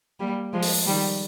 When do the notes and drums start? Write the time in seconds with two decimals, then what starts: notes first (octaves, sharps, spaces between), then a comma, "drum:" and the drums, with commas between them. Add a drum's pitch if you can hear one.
0.20 G3 A#3
0.53 F3 G#3
0.63 drum: open hi-hat
0.86 D#3 G3